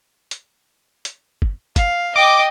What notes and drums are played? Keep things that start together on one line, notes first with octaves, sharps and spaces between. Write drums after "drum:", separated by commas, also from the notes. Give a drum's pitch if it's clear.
drum: hi-hat
drum: hi-hat
drum: kick
F5, drum: kick, hi-hat
D#5 G5 D6